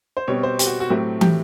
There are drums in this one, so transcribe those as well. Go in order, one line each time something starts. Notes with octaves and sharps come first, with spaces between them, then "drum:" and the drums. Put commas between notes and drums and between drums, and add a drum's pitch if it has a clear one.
C5
B2 G3 C4 C#5
C5
G4, drum: hi-hat
F#4
F#4
A2 F#3 A3 C4 G4
G4, drum: tom